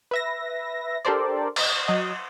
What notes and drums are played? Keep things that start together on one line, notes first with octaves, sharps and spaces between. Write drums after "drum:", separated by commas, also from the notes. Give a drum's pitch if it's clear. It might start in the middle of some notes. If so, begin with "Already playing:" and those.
B4 E5 A#6
D4 G4 A4 A#4 C5 D5
D#5, drum: cymbal
F#3 D#5